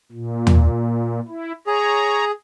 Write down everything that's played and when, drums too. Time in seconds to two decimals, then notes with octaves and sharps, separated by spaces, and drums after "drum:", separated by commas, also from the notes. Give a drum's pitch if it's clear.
0.12 A#2
0.47 drum: tom
1.28 E4
1.67 G#4 C#5 A#5